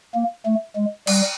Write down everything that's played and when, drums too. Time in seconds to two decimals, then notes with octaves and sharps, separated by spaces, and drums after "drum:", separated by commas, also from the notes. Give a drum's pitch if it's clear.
0.14 A#3
0.46 A3
0.76 G#3
1.07 G3, drum: cymbal